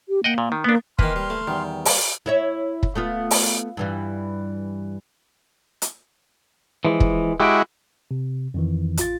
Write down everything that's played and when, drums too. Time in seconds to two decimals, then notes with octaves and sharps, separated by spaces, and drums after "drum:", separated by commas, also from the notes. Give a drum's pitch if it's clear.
0.09 G4
0.24 A#3 D#5 F#5 G5
0.38 A#2
0.52 D#3
0.64 A#3 B3 D4
0.99 D#3 E3 A#3 B4 C6 F6, drum: kick
1.16 G3
1.30 A3
1.47 E2 D#3 G3
1.85 A#3, drum: open hi-hat
2.26 E4 C#5 E5
2.83 drum: kick
2.95 A3 B3 F4
3.31 drum: open hi-hat
3.77 G2 E3 G3
5.82 drum: hi-hat
6.85 E3 F3 G#3
7.00 drum: kick
7.40 G#3 E4 F#4 G4 G5
8.11 C3
8.54 F2 D#3 E3
8.97 A1 F4 A6, drum: hi-hat